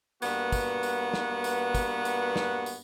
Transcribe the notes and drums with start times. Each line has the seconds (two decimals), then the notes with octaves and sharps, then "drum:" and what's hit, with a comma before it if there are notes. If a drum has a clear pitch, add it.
0.22 G2 A#3 B3 F#4, drum: tambourine
0.52 drum: kick, tambourine
0.83 drum: tambourine
1.14 drum: snare
1.44 drum: tambourine
1.75 drum: kick, tambourine
2.05 drum: tambourine
2.36 drum: snare
2.66 drum: tambourine